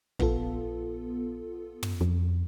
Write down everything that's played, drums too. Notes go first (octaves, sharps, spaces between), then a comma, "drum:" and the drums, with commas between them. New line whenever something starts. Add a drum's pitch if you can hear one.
A#1 B3 F4 A4, drum: kick
drum: tom
F2